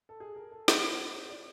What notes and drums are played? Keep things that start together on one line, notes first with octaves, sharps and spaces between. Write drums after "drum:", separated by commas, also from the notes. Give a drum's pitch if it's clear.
A4
G#4
A#4
A4
C5, drum: snare
C#5
D5